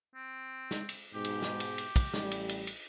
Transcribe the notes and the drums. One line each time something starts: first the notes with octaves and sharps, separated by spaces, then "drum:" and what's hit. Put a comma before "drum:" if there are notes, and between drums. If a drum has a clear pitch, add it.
C4
drum: snare
drum: cymbal
G#2 B2 G4
drum: cymbal
drum: snare
drum: cymbal
drum: cymbal
drum: kick, cymbal
A1 G3, drum: snare
drum: cymbal
drum: cymbal
drum: cymbal